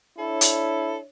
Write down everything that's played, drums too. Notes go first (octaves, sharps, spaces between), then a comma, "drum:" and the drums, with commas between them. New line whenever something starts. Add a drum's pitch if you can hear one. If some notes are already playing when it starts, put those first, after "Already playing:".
D4 E4 A4 C#5
drum: hi-hat